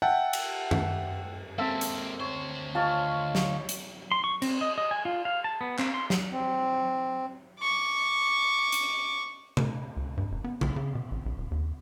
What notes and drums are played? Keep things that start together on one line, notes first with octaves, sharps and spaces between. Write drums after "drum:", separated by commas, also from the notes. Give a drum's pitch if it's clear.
E5 F#5 G5 A5
drum: cymbal
drum: tom F#2
G#3 A#3 C4 A4 E5
drum: hi-hat
D2 C5 C#5
F4 C#5 D#5 A5
drum: snare
drum: hi-hat
C6
C#6
C4, drum: cymbal
D#5
D#5
G#5
F4
F5
A5
B3
C4, drum: clap
C6
drum: snare
C4
C#6 D6
drum: hi-hat
drum: tom C3
C#2
G2
E1
B3
B1, drum: tom C#3
C#3
B2
A1
A#1
D#1
D#2